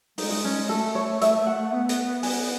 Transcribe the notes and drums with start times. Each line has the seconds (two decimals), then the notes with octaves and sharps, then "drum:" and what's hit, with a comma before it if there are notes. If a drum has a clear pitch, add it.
0.18 G#3 D#4, drum: open hi-hat
0.31 D#4
0.45 C#4
0.69 A3 A4
0.95 C#5
1.21 E5, drum: hi-hat
1.46 F#5
1.73 B3
1.89 drum: hi-hat
2.23 G#5, drum: open hi-hat